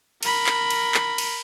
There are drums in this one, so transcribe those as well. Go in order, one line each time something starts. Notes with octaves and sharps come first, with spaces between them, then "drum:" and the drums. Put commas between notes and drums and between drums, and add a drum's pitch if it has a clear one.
A#4 B5, drum: cymbal
drum: clap
drum: cymbal
drum: clap
drum: cymbal